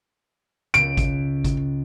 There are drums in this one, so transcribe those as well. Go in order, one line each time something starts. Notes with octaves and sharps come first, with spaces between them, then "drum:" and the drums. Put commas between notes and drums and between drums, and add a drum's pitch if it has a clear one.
C#2 C#5 D7
drum: kick G#1, hi-hat
drum: kick G#1, hi-hat